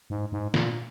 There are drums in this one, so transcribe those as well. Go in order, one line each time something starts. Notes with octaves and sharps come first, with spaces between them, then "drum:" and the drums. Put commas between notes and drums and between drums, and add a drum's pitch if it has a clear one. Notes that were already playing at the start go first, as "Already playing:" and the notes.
G#2
G#2
A#2, drum: snare